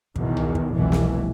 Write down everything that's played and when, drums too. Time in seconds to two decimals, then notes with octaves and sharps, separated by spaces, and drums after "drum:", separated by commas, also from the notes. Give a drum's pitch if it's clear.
0.16 E2 B2 D#3, drum: kick
0.37 drum: tom
0.55 drum: kick
0.74 F1 C2 B2 E3
0.92 drum: snare